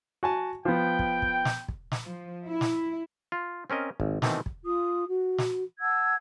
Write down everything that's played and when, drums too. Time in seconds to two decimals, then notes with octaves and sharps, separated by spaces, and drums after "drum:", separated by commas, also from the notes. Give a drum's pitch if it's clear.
0.23 F#4 G#5 A5
0.65 F3 B3 G5
0.99 drum: kick
1.22 drum: kick
1.45 drum: snare
1.68 drum: kick
1.92 drum: snare
2.06 F3
2.47 E4
2.61 drum: snare
3.32 F4
3.70 C4 C#4 A#4 D#5
4.00 G#1, drum: kick
4.22 B2 D#3 E3 A3 C4, drum: snare
4.46 drum: kick
4.64 F4 D#6
5.07 F#4
5.38 drum: snare
5.80 F#5 A5 E6 G#6